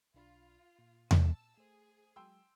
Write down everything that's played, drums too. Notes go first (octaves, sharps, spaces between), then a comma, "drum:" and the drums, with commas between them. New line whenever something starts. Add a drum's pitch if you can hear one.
B1 D4 F4 B5
A#2
A5 E6, drum: tom E2
A3 G#4 C5
F#3 G#3 G5 C6 E6